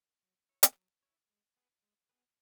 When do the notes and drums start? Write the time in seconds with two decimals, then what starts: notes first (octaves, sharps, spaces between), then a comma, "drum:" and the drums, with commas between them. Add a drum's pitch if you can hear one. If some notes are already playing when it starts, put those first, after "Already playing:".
0.23 F#3
0.49 E4 C#5
0.63 drum: hi-hat
0.76 F#3
1.03 E4 C#5
1.30 G#3
1.57 B3 G#4 B4
1.83 G#3
2.09 B3 G#4 B4